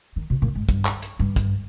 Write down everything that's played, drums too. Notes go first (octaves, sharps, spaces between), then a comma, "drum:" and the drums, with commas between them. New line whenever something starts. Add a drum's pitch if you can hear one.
D#3
B2
A#2
G#2
G2, drum: kick, hi-hat
drum: clap
drum: hi-hat
G2
drum: kick, hi-hat